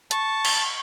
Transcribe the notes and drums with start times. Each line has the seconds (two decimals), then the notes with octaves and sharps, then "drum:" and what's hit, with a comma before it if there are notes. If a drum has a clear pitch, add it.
0.11 A5 C#6, drum: hi-hat
0.45 drum: cymbal